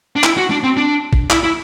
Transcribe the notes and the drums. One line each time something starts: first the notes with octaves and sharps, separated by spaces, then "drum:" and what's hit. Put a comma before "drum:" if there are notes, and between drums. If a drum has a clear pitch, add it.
D4
E4, drum: clap
F#4
D4
C4
D4
drum: kick
E4, drum: clap
E4